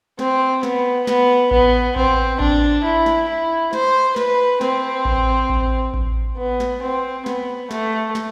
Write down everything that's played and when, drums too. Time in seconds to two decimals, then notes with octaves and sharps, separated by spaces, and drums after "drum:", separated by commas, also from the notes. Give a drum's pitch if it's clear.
0.19 C4, drum: snare
0.63 B3, drum: snare
1.07 B3, drum: snare
1.51 B3, drum: kick A1
1.96 C4, drum: kick A1
2.40 D4, drum: kick A1
2.84 E4
3.06 drum: snare
3.28 E4
3.73 C5, drum: snare
4.16 B4, drum: snare
4.61 C4, drum: snare
5.05 drum: kick A1
5.50 drum: kick A1
5.94 drum: kick A1
6.38 B3
6.60 drum: snare
6.82 C4
7.26 B3, drum: snare
7.71 A3, drum: snare
8.15 drum: snare